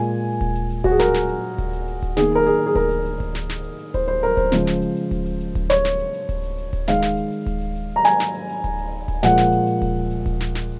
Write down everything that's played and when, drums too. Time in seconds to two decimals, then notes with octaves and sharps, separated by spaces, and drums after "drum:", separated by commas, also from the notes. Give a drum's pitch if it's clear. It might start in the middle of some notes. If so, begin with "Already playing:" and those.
Already playing: A#2 G#3 G#5
0.41 drum: kick D1, hi-hat
0.55 drum: hi-hat
0.70 drum: hi-hat
0.84 F#4, drum: kick D1, hi-hat
0.91 G#4
0.99 A#4, drum: snare
1.14 drum: snare
1.29 drum: hi-hat
1.58 drum: kick D1, hi-hat
1.73 drum: hi-hat
1.88 drum: hi-hat
2.02 drum: kick D1, hi-hat
2.17 D#3 A#3 G#4, drum: snare
2.35 A#4
2.46 G#4, drum: hi-hat
2.66 G#4
2.75 A#4, drum: kick D1, hi-hat
2.91 drum: hi-hat
3.05 drum: hi-hat
3.20 drum: kick D1, hi-hat
3.35 drum: snare
3.49 drum: snare
3.64 drum: hi-hat
3.79 drum: hi-hat
3.94 C5, drum: kick D1, hi-hat
4.08 C5, drum: hi-hat
4.23 A#4, drum: hi-hat
4.37 C5, drum: kick D1, hi-hat
4.52 C#3 F3 G#3, drum: snare
4.67 drum: snare
4.82 drum: hi-hat
4.96 drum: hi-hat
5.11 drum: kick D1, hi-hat
5.26 drum: hi-hat
5.41 drum: hi-hat
5.55 drum: kick D1, hi-hat
5.70 C#5, drum: snare
5.85 drum: snare
5.99 drum: hi-hat
6.14 drum: hi-hat
6.29 drum: kick D1, hi-hat
6.43 drum: hi-hat
6.58 drum: hi-hat
6.73 drum: kick D1, hi-hat
6.88 D#3 G#3 F5, drum: snare
7.02 drum: snare
7.17 drum: hi-hat
7.32 drum: hi-hat
7.46 drum: kick D1, hi-hat
7.61 drum: hi-hat
7.76 drum: hi-hat
7.96 A#5
8.05 G#5, drum: snare
8.20 drum: snare
8.35 drum: hi-hat
8.49 drum: hi-hat
8.64 drum: kick D1, hi-hat
8.79 drum: hi-hat
9.08 drum: kick D1, hi-hat
9.23 A#2 F3 G#3 F#5, drum: snare
9.38 drum: snare
9.52 drum: hi-hat
9.67 drum: hi-hat
9.82 drum: kick D1, hi-hat
10.11 drum: hi-hat
10.26 drum: kick D1, hi-hat
10.40 drum: snare
10.55 drum: snare